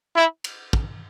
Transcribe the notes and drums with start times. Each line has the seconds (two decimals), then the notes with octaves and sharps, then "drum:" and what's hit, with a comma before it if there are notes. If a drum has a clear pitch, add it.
0.15 E4
0.44 drum: cymbal
0.73 drum: kick